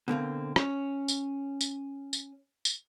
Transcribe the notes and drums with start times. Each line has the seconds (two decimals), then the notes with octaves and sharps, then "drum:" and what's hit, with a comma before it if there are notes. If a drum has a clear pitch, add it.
0.08 B2 D3 A#3 C4
0.56 C#4, drum: rim click
1.08 drum: tambourine
1.61 drum: tambourine
2.13 drum: tambourine
2.65 drum: tambourine